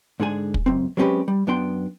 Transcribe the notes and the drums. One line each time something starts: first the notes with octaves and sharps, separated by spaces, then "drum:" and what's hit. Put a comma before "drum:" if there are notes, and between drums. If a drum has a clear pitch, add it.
G#2 D3 G#3 D4 G#4 G#5
drum: kick
C#2 F#2 C4
F#3 G#3 C4 C#4 G4 B4
G3
F#2 B3 D4 G5 C6